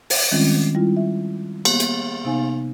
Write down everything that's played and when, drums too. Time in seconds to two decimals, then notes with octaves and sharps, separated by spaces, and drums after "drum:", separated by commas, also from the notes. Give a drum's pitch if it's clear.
0.10 drum: open hi-hat
0.32 D#3 G3 G#3 C4 C#4 F4
0.75 G3 E4 F4
0.97 E5
1.65 A#3 B3, drum: cymbal
1.80 drum: hi-hat
2.25 C3 B3 D#4 F5 G#5